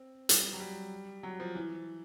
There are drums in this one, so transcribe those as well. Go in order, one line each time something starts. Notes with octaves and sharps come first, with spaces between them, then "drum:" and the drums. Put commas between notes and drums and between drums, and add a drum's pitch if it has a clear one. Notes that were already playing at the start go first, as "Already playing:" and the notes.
Already playing: C4
G3, drum: hi-hat
F#3
G3
F#3
F3
E3